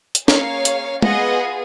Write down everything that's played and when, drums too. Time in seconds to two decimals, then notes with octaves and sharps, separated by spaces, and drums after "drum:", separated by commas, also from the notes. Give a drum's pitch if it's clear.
0.15 drum: hi-hat
0.28 A#3 C#4 G#4 C#5 F5, drum: snare
0.65 drum: hi-hat
1.02 B3 F4 G#4 D#5 F#5, drum: tom